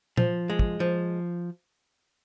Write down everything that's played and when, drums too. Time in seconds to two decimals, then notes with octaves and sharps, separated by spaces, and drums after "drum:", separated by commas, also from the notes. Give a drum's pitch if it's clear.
0.17 F3, drum: tom A#2
0.50 G#3
0.59 drum: kick
0.80 F3